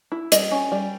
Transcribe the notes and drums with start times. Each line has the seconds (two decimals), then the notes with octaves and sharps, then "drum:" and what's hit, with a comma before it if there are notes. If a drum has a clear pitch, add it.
0.12 E4
0.32 G3 D#5, drum: hi-hat
0.51 C#4
0.72 G3